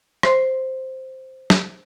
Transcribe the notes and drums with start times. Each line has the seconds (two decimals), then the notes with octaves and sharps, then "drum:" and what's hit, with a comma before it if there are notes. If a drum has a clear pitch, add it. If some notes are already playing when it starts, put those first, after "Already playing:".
0.23 C5 C6, drum: rim click
1.50 drum: snare